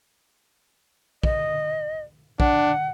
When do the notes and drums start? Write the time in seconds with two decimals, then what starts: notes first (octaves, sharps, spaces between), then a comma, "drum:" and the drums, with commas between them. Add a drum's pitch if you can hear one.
1.23 D#5, drum: kick A#1
2.40 D4 F#5, drum: kick A#1